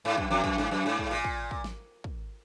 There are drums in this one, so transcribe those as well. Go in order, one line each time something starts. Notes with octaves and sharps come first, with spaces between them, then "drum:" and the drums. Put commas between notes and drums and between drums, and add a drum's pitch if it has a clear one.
G#2
F#2, drum: kick
F2
F#2, drum: kick
G#2, drum: snare
F#2
G#2
drum: kick
A#2
drum: kick
drum: kick
drum: snare
drum: kick